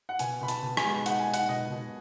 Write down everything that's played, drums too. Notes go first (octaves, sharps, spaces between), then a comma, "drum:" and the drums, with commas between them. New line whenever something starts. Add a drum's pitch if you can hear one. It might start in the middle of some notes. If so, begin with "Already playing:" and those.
F#5
B2 G#5, drum: hi-hat
B2 B5
A5, drum: hi-hat
B2
G#5, drum: rim click
G#3
D#4 F#5, drum: hi-hat
G#5
D#4
F#5, drum: hi-hat
B2 D#5
B2